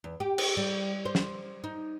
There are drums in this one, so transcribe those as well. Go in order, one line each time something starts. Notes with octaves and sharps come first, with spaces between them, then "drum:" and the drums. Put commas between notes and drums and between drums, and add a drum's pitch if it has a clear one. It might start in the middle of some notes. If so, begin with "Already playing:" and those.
E2
G4
drum: cymbal
G3
C5
drum: snare
D#4